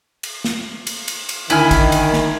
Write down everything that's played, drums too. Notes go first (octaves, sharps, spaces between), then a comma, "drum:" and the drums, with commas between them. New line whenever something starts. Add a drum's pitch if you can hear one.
drum: cymbal
drum: snare
drum: cymbal
drum: cymbal
drum: cymbal
D2 D#3 E4 G#5 F6, drum: cymbal
drum: kick, cymbal
drum: cymbal
drum: snare